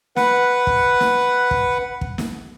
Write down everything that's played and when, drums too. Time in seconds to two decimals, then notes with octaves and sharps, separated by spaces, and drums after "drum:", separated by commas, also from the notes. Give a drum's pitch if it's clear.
0.16 B4 F#5, drum: snare
0.67 drum: kick
1.00 drum: snare
1.51 drum: kick
2.01 drum: kick
2.18 drum: snare